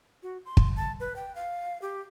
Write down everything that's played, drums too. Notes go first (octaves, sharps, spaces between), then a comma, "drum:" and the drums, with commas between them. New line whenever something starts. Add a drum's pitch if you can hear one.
F#4
C6
drum: kick
A5
B4
G5
F5
G4